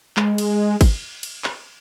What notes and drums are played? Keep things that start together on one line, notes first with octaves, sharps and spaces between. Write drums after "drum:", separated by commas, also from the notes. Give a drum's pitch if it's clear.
G#3, drum: clap
drum: cymbal
drum: kick, cymbal
drum: cymbal
drum: clap